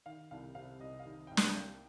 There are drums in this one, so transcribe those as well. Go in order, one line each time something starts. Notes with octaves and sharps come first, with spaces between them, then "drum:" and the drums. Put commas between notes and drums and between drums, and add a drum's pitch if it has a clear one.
D#3 F5
C2 F5
C3 F5
C2 D#5
F5
D#3
C2 G5
A5, drum: snare
A#3 G5